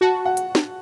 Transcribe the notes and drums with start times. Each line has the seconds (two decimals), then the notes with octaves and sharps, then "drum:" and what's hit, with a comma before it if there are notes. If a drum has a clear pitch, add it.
0.01 F#4 A5
0.25 F#5
0.37 drum: hi-hat
0.55 drum: snare